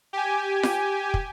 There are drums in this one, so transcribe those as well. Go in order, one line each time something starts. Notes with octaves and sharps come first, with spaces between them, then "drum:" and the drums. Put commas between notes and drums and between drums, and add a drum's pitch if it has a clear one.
G4 G#5
drum: snare F4
drum: kick